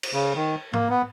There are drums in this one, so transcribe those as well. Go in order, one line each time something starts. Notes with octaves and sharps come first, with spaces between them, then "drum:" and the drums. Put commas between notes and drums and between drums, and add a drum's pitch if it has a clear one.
drum: cymbal
C#3
D#3
A#3, drum: tom
B3